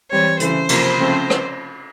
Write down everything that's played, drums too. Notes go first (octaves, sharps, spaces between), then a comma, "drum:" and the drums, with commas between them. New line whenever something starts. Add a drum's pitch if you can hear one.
E3 G3 C4 C#5
C#3 E3 A3 C5, drum: hi-hat
C3 F3 A#3, drum: cymbal
C#3 F3 A3 C4
drum: rim click